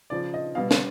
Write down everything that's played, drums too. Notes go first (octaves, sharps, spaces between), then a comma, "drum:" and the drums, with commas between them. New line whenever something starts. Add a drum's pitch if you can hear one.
C#3 F3 D5
D#5
B2 G3 F5
drum: snare